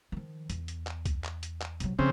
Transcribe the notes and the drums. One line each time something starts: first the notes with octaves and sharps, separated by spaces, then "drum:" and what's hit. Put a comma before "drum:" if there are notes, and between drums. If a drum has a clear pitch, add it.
D#3 F3
E2, drum: hi-hat
drum: hi-hat
drum: clap
drum: kick C2, hi-hat
drum: clap
drum: hi-hat
drum: clap
C3 F#3, drum: hi-hat
C#3 F3 C4